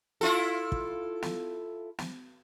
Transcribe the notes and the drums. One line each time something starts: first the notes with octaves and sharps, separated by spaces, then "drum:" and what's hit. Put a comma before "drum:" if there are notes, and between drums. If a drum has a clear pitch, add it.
E4 F4 A4
drum: kick
drum: snare
drum: snare